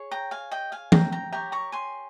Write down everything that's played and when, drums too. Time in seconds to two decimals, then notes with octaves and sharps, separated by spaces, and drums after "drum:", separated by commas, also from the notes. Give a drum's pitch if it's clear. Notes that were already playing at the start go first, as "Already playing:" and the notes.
Already playing: G#4 C#5
0.11 G5 A#5
0.31 F5 G#5
0.51 D#5 G5
0.72 F5 G#5
0.92 G5 A#5, drum: tom
1.12 G5 A#5
1.32 G4 A#4 C#5 G5 A#5
1.52 A#5 C#6
1.72 G#5 C6